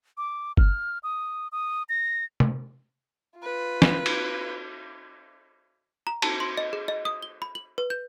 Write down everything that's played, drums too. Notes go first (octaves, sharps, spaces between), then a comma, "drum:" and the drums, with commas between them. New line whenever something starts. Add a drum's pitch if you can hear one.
D6
F6, drum: kick F#1
D#6
D#6
A#6
drum: tom
F4 B4
drum: snare
drum: cymbal
A#5
A5, drum: cymbal
C6
D#5
G#4
D#5
D#6
G7
B5
F#7
B4
G6